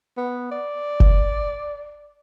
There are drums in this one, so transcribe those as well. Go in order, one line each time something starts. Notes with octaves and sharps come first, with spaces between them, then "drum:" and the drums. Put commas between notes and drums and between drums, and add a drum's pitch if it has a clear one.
B3
D5
drum: kick F#1